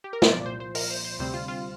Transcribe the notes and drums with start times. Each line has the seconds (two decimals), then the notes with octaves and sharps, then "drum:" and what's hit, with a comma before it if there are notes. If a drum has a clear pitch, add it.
0.04 G4
0.13 A#4
0.22 C5, drum: snare
0.31 C2 A#2 F3 D5
0.46 C5
0.60 C5
0.75 A#4, drum: open hi-hat
0.90 C5
1.05 C5
1.19 D2 C3 G3 C4 C5
1.34 F4
1.48 F4